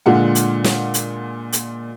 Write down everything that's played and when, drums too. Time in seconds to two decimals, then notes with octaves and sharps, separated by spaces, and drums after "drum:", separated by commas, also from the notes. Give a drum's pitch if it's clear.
0.06 A#2 D3 G#3 F4 F#5
0.35 drum: hi-hat
0.64 drum: snare
0.94 drum: hi-hat
1.53 drum: hi-hat